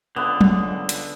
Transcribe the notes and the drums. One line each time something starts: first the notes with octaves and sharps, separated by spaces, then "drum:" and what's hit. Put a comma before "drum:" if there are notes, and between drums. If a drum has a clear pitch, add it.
C#2 D3 B3
drum: tom
drum: hi-hat